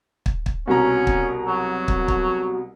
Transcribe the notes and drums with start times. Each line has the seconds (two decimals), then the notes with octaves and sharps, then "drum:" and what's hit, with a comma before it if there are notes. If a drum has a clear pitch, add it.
0.26 drum: kick
0.46 drum: kick
0.68 C2 B2 C#4 A#5
1.07 drum: kick
1.47 F#3
1.88 drum: kick
2.08 drum: kick